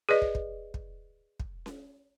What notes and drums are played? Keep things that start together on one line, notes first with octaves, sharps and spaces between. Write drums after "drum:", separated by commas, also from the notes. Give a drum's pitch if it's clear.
G#4 B4 D5 D#5
drum: kick
drum: kick
drum: kick
drum: kick
drum: snare C#4